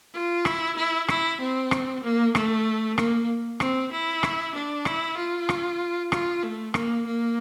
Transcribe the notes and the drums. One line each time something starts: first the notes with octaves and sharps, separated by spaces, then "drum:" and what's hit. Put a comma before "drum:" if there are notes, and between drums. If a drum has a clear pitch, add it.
F4
E4, drum: rim click
E4
E4, drum: rim click
C4
drum: rim click
A#3
A3, drum: rim click
A#3, drum: rim click
C4, drum: rim click
E4
drum: rim click
D4
E4, drum: rim click
F4
drum: rim click
F4, drum: rim click
A3
A#3, drum: rim click
A#3